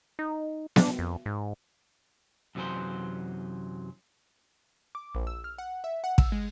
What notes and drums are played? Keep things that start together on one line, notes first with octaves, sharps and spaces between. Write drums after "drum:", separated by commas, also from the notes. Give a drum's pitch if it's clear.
D#4
D4, drum: snare B3
F2
G#2
F#2 C3 E3 F#3 G#4 C5
D6
A#1
E6
F6
F#5
E5
F#5
E6, drum: kick
G#3